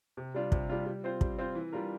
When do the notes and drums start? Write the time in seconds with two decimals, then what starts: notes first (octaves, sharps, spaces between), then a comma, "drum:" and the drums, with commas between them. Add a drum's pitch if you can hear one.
0.17 C3
0.35 G3 D4 F4
0.52 C3, drum: kick
0.69 G3 D4 F4
0.86 G3
1.04 C4 F4 C5
1.21 G3, drum: kick
1.39 C4 F4 C5
1.55 E3
1.73 G3 D4 F4 A#4